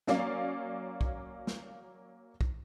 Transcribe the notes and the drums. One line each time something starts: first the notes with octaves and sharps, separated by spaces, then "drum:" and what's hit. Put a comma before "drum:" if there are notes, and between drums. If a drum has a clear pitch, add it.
F#3 A#3 C#4 D5 F5, drum: snare
drum: kick B1
drum: snare
drum: kick B1